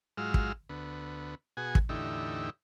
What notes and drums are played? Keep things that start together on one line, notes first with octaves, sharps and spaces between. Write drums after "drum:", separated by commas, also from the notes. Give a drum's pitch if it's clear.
G#2 F#3 G#3 F4 E6 F6
drum: kick
D2 B3
B2 F#4 G#4 G#5
drum: kick
E2 A2 D3 D#4 G4 E5